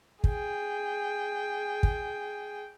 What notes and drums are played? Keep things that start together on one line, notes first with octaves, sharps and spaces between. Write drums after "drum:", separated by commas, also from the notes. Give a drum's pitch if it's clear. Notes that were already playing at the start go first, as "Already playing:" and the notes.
G#4 G5, drum: kick
drum: kick